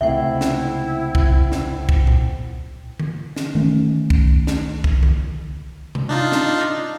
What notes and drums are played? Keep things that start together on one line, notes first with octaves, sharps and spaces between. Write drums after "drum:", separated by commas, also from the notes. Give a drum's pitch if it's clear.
C#2 C3 A3 E4 C5 E5 F#5 G5
drum: snare
drum: kick C2
drum: snare
drum: kick C2
drum: tom A#2
drum: tom D3
drum: snare
D#3 A3 C#4
drum: kick C2
drum: snare
drum: kick C2
drum: tom D3
drum: tom C3
D4 D#4 F4
drum: snare